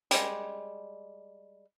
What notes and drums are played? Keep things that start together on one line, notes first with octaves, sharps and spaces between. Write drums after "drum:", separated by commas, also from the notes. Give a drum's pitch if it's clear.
G3 G#3, drum: hi-hat